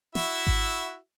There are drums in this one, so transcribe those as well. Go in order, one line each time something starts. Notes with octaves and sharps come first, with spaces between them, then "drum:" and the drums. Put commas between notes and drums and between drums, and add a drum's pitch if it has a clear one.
E4 F#4 E5, drum: snare
drum: kick G#1